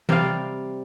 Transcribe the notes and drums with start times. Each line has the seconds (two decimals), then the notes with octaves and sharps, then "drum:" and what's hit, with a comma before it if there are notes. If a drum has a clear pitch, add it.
0.09 C3 G3 D5 F5, drum: tom E3